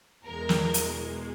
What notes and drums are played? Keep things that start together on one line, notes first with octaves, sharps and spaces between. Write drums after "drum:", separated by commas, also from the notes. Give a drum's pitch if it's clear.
E2 B2 G#3 A#4
drum: snare
drum: hi-hat